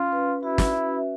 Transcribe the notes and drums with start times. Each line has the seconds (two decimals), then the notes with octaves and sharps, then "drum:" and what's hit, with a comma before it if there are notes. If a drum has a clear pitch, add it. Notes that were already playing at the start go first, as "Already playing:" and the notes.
Already playing: C#4 F4
0.13 B4
0.43 E4 F#4
0.58 drum: snare
0.73 E5